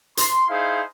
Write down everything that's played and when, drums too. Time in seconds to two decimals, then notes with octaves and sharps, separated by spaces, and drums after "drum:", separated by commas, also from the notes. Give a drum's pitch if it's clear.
0.17 C6, drum: hi-hat
0.48 D#4 E4 G#4 C5 F5